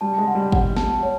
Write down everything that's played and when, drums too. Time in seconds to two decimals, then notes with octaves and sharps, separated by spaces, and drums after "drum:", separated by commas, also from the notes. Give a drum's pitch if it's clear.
0.01 G3 A5
0.18 G#3
0.27 F#5
0.35 G3
0.52 F#5, drum: kick
0.76 A5, drum: snare
1.03 C#5